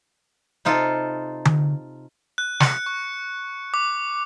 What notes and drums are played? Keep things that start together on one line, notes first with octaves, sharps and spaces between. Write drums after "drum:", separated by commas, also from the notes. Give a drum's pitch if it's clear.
C3 D#4 F4 A4
drum: tom D3
F#6
C#7, drum: snare
C#6
D6